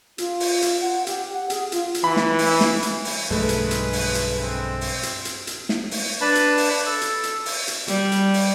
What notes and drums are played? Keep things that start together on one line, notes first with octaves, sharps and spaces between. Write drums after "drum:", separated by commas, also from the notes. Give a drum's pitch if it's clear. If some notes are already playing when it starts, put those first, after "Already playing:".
F4, drum: hi-hat
drum: open hi-hat
drum: hi-hat
F#5
G4, drum: hi-hat
F#5
G#4, drum: hi-hat
F4, drum: hi-hat
drum: hi-hat
E3 B5
drum: snare
drum: open hi-hat
drum: snare
drum: hi-hat
drum: open hi-hat
B1 G2 F3 G#3 A3 B4
drum: hi-hat
drum: hi-hat
drum: open hi-hat
drum: hi-hat
C4
drum: open hi-hat
drum: hi-hat
drum: hi-hat
drum: hi-hat
drum: snare
drum: open hi-hat
D4 B4 A5 B5
drum: hi-hat
drum: open hi-hat
A4
drum: hi-hat
drum: hi-hat
drum: open hi-hat
drum: hi-hat
G3, drum: hi-hat
drum: hi-hat
drum: open hi-hat